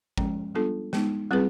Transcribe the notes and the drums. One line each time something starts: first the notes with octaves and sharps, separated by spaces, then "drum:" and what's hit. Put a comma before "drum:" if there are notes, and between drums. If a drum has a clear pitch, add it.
F3 G#3 C#4, drum: kick
G3 B3 D4 F4 A4
G#3 B3 D#4, drum: snare
G3 C4 F4 G#4 B4